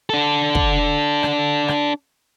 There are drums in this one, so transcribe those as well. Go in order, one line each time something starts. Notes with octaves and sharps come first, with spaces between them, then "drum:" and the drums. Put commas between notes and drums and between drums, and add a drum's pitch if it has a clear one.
D4 A4
drum: kick
drum: rim click
drum: rim click